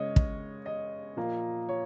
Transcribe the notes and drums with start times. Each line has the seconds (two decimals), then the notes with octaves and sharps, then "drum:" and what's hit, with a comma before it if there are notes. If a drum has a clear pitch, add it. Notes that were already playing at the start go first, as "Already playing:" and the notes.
Already playing: C#3 G#3 C#5 D#5
0.16 drum: kick
0.66 D#5
1.17 A#2 F3 A#3
1.69 C#5